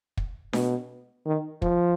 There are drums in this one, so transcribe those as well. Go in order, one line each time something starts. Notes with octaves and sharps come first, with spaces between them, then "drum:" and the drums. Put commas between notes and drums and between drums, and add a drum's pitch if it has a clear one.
drum: kick
B2, drum: snare D4
D#3
F3, drum: kick